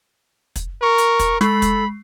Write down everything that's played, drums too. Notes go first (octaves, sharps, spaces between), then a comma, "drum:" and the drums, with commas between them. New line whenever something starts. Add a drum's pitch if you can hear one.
drum: kick, hi-hat
A#4 C#6
drum: hi-hat
drum: kick, hi-hat
G#3 A4 B5 C7, drum: snare
drum: kick, hi-hat